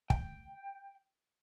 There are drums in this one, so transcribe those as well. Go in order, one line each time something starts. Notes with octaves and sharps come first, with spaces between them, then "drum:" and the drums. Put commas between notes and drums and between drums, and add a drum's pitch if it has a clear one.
G5, drum: kick